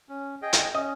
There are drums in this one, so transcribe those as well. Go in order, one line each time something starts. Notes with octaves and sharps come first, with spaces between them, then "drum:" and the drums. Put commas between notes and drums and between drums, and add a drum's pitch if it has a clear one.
C#4
G#4 D#5 G5
drum: hi-hat
C#4 D#5